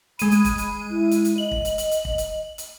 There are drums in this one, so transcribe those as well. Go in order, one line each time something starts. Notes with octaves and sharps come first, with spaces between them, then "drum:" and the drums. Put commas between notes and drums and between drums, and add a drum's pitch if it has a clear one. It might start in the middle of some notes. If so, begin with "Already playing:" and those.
G#3 B5 D#7, drum: hi-hat
drum: hi-hat
drum: kick, hi-hat
drum: hi-hat
E4
drum: hi-hat
drum: hi-hat
D#5 F#7
drum: kick
drum: hi-hat
drum: hi-hat
drum: hi-hat
drum: kick
drum: hi-hat
drum: hi-hat